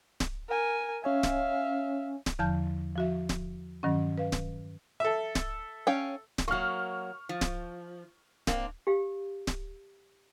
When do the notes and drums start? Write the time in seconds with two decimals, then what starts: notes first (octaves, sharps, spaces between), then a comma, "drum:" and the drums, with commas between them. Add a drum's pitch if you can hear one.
0.20 drum: snare D1
0.49 A#4 G#5
1.04 C#4 C#5 E5 F5 G#5
1.23 drum: snare D1
2.26 drum: snare D1
2.39 E2 D3 F3 A5 F6 G6
2.96 F3 F#4 E5
3.29 drum: snare D1
3.83 G2 D#3 F#3 C#4
4.18 B4 F5
4.32 drum: snare D1
5.00 A4 E5
5.35 drum: snare D1
5.87 C#4 F5 G5
6.38 drum: snare D1
6.48 F#3 A#3 C#6 F6
7.29 F3
7.41 drum: snare D1
8.47 A#3 C4 D4, drum: snare D1
8.87 G4 F5
9.47 drum: snare D1